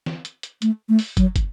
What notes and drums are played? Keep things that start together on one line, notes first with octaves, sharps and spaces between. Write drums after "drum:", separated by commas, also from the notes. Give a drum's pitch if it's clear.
drum: snare
drum: hi-hat
drum: hi-hat
A3, drum: hi-hat
A3
drum: open hi-hat
F#3, drum: kick, hi-hat
drum: kick, hi-hat